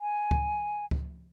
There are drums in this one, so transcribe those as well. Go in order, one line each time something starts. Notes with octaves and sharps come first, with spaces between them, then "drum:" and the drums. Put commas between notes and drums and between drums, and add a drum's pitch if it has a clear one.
G#5
drum: kick C#2
drum: kick C#2